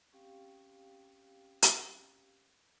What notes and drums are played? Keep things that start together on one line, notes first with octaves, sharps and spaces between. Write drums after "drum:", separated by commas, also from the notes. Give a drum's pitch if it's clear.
C4 C#4 G4 F5 G5
drum: hi-hat